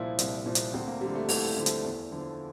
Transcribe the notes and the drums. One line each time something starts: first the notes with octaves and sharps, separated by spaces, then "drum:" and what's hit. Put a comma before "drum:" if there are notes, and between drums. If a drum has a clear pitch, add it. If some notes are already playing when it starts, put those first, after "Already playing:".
Already playing: C2 A#2 F3 E4 F4
C2, drum: hi-hat
A#2 F3
drum: hi-hat
D2 C4
A#3
D3 F3 G3
A3
D2 E4, drum: open hi-hat
D3 F3
drum: hi-hat
E2
D3 F3